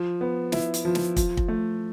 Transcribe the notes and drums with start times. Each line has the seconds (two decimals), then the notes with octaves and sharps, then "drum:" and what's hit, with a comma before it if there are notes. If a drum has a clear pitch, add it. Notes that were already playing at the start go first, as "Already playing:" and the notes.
Already playing: F3
0.21 B3
0.52 E4, drum: snare
0.74 drum: hi-hat
0.85 F3
0.95 drum: snare
1.17 F3, drum: kick, hi-hat
1.37 drum: kick
1.48 A3